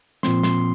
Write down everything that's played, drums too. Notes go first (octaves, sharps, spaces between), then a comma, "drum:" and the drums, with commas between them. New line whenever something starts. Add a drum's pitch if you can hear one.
A#2 F3 C4 C6, drum: snare
C6, drum: snare